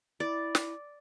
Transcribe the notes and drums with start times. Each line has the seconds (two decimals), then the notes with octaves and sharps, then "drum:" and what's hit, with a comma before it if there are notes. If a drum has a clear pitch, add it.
0.20 E4 D5
0.55 drum: snare